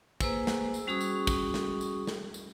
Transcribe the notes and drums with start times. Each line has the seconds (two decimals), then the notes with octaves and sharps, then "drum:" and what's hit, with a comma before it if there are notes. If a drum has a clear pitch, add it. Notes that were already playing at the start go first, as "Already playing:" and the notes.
0.21 A#3 G#4 B4 C5 G#5 E6, drum: kick, tambourine
0.47 drum: snare
0.74 drum: tambourine
0.87 G3 C#4 F#4 G#4 C#6 D#6
1.01 drum: tambourine
1.27 drum: kick, tambourine
1.54 drum: snare
1.81 drum: tambourine
2.07 drum: snare
2.34 drum: tambourine